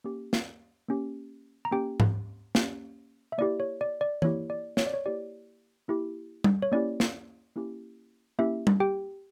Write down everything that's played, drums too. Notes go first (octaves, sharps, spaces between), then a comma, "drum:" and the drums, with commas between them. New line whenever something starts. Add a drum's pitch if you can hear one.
A#3 C#4 G4
drum: snare
A#3 C#4 G4
A#5
A#3 C#4 G4 G5
drum: tom G#2
A#3 C#4 G4, drum: snare
E5
A#3 E4 G4 D5
C#5
D5
D5
A#3 E4 G4 C#5, drum: tom E3
D5
C#5, drum: snare
D5
C#5
A#3 E4 G4 D5
A#3 E4 G4
drum: tom G3
C#5
A#3 C#4 E4 G4 D5
drum: snare
A#3 C#4 E4 G4
A#3 C#4 E4 G4 E5
drum: tom G3
G4 G5